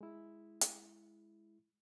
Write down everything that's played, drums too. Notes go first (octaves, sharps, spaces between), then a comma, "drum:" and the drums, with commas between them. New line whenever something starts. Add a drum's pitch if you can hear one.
G#3 E4
drum: hi-hat